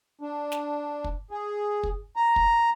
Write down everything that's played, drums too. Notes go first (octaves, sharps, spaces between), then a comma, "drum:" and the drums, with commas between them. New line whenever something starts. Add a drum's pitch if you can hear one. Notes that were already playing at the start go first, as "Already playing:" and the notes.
D4
drum: snare
drum: kick
G#4
drum: kick
A#5
drum: kick